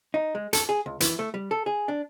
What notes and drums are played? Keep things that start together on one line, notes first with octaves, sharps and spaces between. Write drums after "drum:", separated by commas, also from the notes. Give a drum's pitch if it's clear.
D#4
G#3
A4, drum: hi-hat
G#4
C#2
E3, drum: hi-hat
A3
G3
A4
G#4
D4